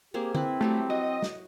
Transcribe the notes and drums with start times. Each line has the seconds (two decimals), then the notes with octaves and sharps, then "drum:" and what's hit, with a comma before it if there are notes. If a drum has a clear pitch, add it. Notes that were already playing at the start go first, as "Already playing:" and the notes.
0.14 A#3 C4 G4 G#4
0.35 C4 E4 B4, drum: tom D3
0.61 F#3 G3 A3 G4
0.90 F#4 D#5
1.22 drum: snare